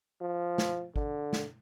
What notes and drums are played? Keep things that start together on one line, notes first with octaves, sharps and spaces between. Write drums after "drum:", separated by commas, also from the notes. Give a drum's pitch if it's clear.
F3
drum: snare
D3, drum: kick G#1
drum: snare